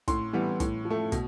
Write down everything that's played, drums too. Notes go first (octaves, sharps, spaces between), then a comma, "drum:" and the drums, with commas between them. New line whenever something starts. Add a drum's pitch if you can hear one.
A2 C6, drum: kick, hi-hat
E3 G3 B3
A2, drum: kick, hi-hat
F3
A3
B2, drum: kick, hi-hat